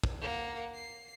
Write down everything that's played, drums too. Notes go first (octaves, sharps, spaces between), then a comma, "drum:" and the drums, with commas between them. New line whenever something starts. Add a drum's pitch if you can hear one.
drum: kick
A#3 F#5
C7